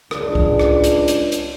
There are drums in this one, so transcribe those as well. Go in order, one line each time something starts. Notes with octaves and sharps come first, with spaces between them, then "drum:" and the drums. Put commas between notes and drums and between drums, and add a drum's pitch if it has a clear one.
C#2 D4, drum: rim click
drum: kick C2
drum: rim click
drum: hi-hat
drum: hi-hat
drum: hi-hat